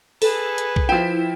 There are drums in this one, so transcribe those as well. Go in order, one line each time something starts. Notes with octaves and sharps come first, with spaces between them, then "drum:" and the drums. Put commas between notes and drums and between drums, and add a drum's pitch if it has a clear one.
G#4 A4 B4, drum: open hi-hat
drum: hi-hat
drum: kick
F3 E4 G5